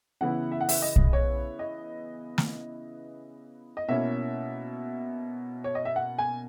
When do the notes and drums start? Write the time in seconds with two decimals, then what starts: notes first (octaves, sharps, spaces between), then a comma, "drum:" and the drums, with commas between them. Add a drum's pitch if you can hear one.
0.21 C#3 E3 B3 E4 F#5
0.51 E5
0.61 F#5
0.69 E5, drum: open hi-hat
0.82 D#5
0.96 drum: kick
1.13 C#5
1.59 D#5
2.38 drum: snare
3.77 D#5
3.89 B2 A#3 C#4 E4 E5
5.64 C#5
5.75 D#5
5.85 E5
5.96 F#5
6.18 G#5